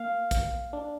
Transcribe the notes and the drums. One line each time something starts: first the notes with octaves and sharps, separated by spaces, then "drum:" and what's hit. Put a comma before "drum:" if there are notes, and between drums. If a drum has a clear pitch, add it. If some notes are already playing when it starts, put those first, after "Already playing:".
Already playing: A#3 F5
drum: kick, hi-hat
D4